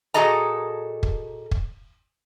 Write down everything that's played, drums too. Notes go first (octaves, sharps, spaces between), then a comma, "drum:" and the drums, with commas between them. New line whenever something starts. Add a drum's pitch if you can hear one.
A#2 F#4 G#4 A4 D#5 A#5
drum: kick
drum: kick